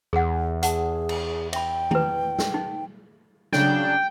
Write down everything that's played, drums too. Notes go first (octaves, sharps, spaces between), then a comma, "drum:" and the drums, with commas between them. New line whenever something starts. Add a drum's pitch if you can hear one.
E2 G#4 F#5
G#4 F#5 A5, drum: hi-hat
drum: cymbal
E5 G5 B5, drum: cymbal
E4 B4, drum: tom D#3
drum: snare
D#4
C#3 F#3 D4 G5, drum: snare